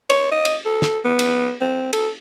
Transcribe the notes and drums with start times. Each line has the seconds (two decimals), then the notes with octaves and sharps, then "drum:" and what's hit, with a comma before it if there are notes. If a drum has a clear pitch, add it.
0.10 C#5, drum: cymbal
0.31 D#5
0.45 drum: cymbal
0.65 A4
0.82 drum: snare
1.05 B3
1.19 drum: cymbal
1.61 C4
1.93 A4, drum: cymbal